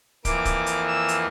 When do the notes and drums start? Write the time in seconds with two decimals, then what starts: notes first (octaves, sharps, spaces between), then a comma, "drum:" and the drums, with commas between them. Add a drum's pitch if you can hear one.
0.25 F2 E3 A#3 D6, drum: kick, hi-hat
0.45 drum: kick, hi-hat
0.66 drum: hi-hat
0.88 E6
1.09 drum: hi-hat